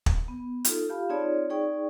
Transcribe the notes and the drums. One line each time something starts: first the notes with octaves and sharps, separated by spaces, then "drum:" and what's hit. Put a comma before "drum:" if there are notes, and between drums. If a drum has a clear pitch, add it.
drum: kick
B3
D#4 F4 A4, drum: hi-hat
F4 G4 F5 A5 B5
C4 D#4 F4 G#4 C#5 D5
D#4 G#4 D5 G5 C#6